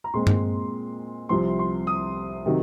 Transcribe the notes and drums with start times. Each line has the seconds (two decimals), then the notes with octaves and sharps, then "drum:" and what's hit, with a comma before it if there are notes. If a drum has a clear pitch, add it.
0.04 A#5
0.14 A#2 G#3 C4 C6
0.27 drum: tom G2
1.29 C2 C3 F3 C4 C6
1.59 C6
1.87 D#6
2.46 C3 D#3 F#3